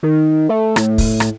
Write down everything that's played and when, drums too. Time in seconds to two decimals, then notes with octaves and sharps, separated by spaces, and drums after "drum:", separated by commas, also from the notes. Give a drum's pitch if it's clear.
0.03 D#3
0.49 A3
0.76 A2, drum: rim click
0.98 drum: kick, open hi-hat
1.20 drum: rim click